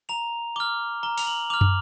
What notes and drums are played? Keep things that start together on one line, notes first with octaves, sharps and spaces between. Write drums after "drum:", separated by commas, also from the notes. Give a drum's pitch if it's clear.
A#5 F7
D6 F6 G7
A#5 G7
F7, drum: open hi-hat
F#7
D6 F6 F7
drum: tom